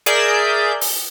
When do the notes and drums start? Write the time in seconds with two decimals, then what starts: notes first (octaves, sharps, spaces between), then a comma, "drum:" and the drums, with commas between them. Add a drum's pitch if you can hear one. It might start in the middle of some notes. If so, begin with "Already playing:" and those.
0.06 G#4 A#4 D5 E5 G6, drum: hi-hat
0.81 drum: open hi-hat